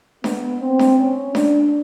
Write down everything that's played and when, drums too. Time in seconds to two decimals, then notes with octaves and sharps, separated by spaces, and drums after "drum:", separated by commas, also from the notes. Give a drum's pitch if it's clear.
0.24 B3, drum: snare D4
0.61 C4
0.79 drum: snare D4
0.98 C#4
1.35 D4, drum: snare D4